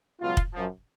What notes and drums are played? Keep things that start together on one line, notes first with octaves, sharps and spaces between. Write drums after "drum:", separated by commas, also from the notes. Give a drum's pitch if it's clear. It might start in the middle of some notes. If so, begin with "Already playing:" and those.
C#2 B2 F#3 F4
drum: kick
F#2 F3